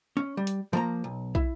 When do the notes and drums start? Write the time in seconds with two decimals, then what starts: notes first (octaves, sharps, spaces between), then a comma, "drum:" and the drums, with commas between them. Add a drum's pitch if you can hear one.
0.17 C#4
0.37 G3
0.47 drum: hi-hat
0.73 F3 A#3 A#5
1.04 B1
1.35 E4, drum: kick